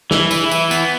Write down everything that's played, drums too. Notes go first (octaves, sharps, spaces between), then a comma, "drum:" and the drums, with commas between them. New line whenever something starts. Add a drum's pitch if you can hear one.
E3, drum: snare
E4, drum: tambourine
E3, drum: tambourine
B3, drum: tambourine